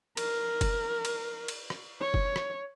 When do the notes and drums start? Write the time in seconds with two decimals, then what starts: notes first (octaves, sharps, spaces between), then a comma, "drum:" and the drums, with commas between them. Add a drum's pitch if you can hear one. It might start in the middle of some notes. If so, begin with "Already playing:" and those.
0.17 A#4, drum: cymbal
0.61 drum: kick F#1, cymbal
1.05 drum: cymbal
1.48 drum: cymbal
1.70 drum: rim click
2.01 C#5
2.14 drum: kick F#1
2.36 drum: rim click